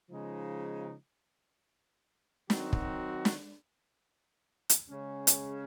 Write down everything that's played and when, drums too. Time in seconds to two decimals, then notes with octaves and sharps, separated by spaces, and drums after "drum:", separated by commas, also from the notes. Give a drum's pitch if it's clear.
0.10 C#3 F3 G#3 D#4
2.50 D#3 F#3 C4 F#4, drum: snare
2.73 drum: kick
3.25 drum: snare
4.69 drum: hi-hat
4.90 C#3 G#3 C#4
5.27 drum: hi-hat